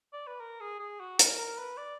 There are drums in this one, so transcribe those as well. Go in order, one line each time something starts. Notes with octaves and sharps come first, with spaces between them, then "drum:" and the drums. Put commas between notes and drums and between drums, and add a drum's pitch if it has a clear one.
D5
B4
A#4
G#4
G#4
F#4
A#4, drum: hi-hat
A#4
B4
D5